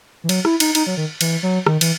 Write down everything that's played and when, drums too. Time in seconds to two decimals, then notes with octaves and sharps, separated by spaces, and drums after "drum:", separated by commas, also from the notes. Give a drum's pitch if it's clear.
0.24 E3
0.29 F#3, drum: cymbal
0.45 E4, drum: rim click
0.60 D#4, drum: cymbal
0.75 D#4, drum: cymbal
0.87 F#3
0.97 D#3
1.21 E3, drum: cymbal
1.43 F#3
1.67 D#3, drum: rim click
1.81 E3, drum: cymbal